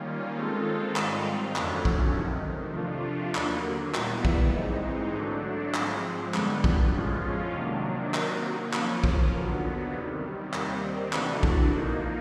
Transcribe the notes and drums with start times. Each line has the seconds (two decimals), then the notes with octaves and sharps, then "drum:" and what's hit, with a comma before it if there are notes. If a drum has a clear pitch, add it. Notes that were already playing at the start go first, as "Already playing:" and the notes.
Already playing: D#3 G3 A#3 C#4 F4
0.36 D#3 G#3 C4 F4 A4
0.96 G#2 D#3 G3 C4 F4, drum: clap
1.56 F2 D3 F#3 A3 C#4, drum: clap
1.85 drum: kick
2.15 F2 C3 D#3
2.75 C3 F3 A3 D4 F4
3.35 D#2 D3 F#3 A#3, drum: clap
3.94 A#2 G3 B3 E4, drum: clap
4.25 drum: kick
4.55 G#2 E3 G#3 C4 D#4
5.14 D3 F#3 A3 D4
5.74 G#2 F3 G#3 C4, drum: clap
6.34 F#2 D3 G3 B3, drum: clap
6.64 drum: kick
6.94 A2 F3 G#3 C#4 F4
7.54 C3 D#3 F#3 A#3 D4
8.14 C3 D#3 F#3 A#3, drum: clap
8.73 F3 A#3 C#4 F4, drum: clap
9.04 drum: kick
9.34 D#2 D3 F#3 B3
9.93 C3 D#3 G3
10.53 D#2 D#3 G3 C4, drum: clap
11.13 C3 E3 A3 D4 F#4, drum: clap
11.43 drum: kick
11.73 F3 A#3 D#4